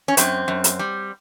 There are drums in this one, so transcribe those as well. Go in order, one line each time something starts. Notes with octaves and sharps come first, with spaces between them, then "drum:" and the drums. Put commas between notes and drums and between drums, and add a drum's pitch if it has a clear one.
C#4
F#2 C4, drum: hi-hat
F#2
drum: hi-hat
G3